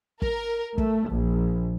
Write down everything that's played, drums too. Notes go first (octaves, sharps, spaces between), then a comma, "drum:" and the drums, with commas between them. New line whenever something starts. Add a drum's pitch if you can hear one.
A#4, drum: kick
A3, drum: kick
A#1